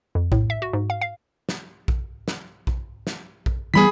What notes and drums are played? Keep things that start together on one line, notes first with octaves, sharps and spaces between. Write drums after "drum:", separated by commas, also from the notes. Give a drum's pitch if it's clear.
F2
A2, drum: kick A#1
E5
F#4
G#2
F5
F5
drum: snare
drum: kick A#1
drum: snare
drum: kick A#1
drum: snare
drum: kick A#1
E3 G3 B3 G#4 B5 B6